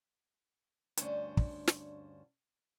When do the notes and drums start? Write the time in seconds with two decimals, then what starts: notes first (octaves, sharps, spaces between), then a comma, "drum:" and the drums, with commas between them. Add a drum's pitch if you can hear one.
0.97 D2 G2 C#4 D4 C5, drum: hi-hat
1.37 drum: kick
1.67 drum: snare